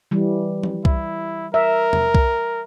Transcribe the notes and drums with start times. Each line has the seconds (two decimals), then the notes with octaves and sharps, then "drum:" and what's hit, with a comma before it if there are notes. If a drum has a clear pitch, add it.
0.11 E3 G3
0.63 drum: tom F3
0.85 E4, drum: kick C2
1.54 A#4 E5
1.93 drum: tom
2.15 drum: kick C2